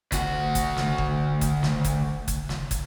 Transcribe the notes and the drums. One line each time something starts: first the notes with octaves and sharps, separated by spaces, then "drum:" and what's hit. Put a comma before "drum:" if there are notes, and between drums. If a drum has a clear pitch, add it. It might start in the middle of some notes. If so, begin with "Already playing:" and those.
D2 F#4, drum: kick, hi-hat
drum: kick, hi-hat
drum: snare
drum: kick
drum: kick, hi-hat
drum: snare
drum: kick, hi-hat
drum: kick, hi-hat
drum: snare
drum: kick, hi-hat